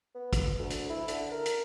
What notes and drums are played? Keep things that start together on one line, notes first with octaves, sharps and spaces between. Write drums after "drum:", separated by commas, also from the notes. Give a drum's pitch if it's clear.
B3
drum: kick, hi-hat
D2
drum: hi-hat
E4
D3, drum: hi-hat
A#4
drum: hi-hat